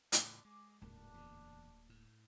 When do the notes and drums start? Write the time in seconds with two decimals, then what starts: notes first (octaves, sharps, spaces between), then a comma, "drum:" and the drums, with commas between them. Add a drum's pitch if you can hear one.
0.12 A2 C#3 E3 G#3 B3 D4, drum: hi-hat
0.45 G#3 G#4 D6
0.82 D1 G#2 C#3 A#3 D4
1.14 E2 A#2
1.90 A2